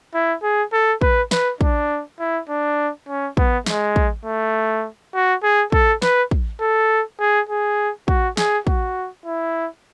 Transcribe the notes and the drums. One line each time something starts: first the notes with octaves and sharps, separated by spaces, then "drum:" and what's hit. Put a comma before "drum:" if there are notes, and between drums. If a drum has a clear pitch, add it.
E4
G#4
A4
B4, drum: kick
B4, drum: snare
D4, drum: kick
E4
D4
C#4
B3, drum: kick
G#3, drum: snare
drum: kick
A3
F#4
G#4
A4, drum: kick
B4, drum: snare
drum: kick
A4
G#4
G#4
F#4, drum: kick
G#4, drum: snare
F#4, drum: kick
E4